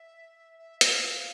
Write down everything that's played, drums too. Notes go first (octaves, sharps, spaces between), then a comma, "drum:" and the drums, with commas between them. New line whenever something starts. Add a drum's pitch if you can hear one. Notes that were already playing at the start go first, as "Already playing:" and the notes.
Already playing: E5
E5
E5, drum: hi-hat
F5